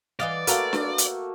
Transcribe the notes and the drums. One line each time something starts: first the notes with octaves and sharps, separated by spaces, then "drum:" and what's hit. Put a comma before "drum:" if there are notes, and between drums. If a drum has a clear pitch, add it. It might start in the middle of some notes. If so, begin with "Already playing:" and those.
E3 D5 D#5 F5
A3 A#3 F#4 B4 F5, drum: hi-hat
drum: snare D4
drum: hi-hat